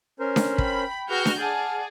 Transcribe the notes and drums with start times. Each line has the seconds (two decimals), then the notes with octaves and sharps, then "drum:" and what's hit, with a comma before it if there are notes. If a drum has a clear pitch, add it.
0.20 C#4 A#4 C5
0.36 drum: snare D4
0.58 G5 B5, drum: kick
1.10 F#4 G#4 B4 F6 G6
1.25 drum: snare D4
1.40 G#4 D5 F#5 G#5 A5 F6